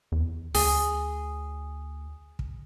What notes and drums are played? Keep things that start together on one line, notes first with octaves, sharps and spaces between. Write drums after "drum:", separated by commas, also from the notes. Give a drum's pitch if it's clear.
E2
D2 G#4, drum: open hi-hat
drum: kick